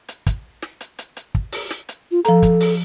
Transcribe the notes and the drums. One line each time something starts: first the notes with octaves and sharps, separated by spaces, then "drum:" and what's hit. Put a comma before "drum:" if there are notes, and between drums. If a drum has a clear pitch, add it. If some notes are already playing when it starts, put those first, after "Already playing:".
drum: hi-hat
drum: kick, hi-hat
drum: snare
drum: hi-hat
drum: hi-hat
drum: hi-hat
drum: kick
drum: open hi-hat
drum: snare
drum: hi-hat
F4
F3 A4 A#5, drum: hi-hat
drum: kick, hi-hat
drum: open hi-hat